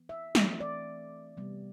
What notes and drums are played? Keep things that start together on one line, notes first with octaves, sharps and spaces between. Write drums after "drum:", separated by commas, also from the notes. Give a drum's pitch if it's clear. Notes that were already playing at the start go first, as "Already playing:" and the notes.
Already playing: E3 B3
E5
E3 A3 C4, drum: snare
D5
C3 G3 B3